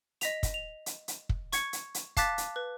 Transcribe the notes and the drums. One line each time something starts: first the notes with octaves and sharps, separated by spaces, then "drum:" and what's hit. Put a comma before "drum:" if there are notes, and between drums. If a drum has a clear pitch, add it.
D#5 B6 F7, drum: hi-hat
drum: kick, hi-hat
F7
drum: hi-hat
drum: hi-hat
drum: kick
C#6 G#6 C#7, drum: hi-hat
drum: hi-hat
drum: hi-hat
F5 A5 D6 F#6 A6 B6, drum: kick, hi-hat
drum: hi-hat
B4